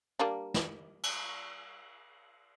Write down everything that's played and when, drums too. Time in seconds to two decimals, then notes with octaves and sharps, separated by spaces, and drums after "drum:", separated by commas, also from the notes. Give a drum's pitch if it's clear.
0.19 G3 A#3 D4
0.54 drum: snare
1.03 drum: cymbal